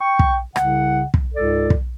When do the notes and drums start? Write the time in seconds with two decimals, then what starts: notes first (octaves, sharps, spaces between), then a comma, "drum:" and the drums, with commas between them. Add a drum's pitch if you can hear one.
0.01 G5 C#6
0.19 drum: kick
0.56 C2 C#3 F#5, drum: rim click
1.14 drum: kick
1.34 C#2 G#2 A4 D5
1.70 drum: kick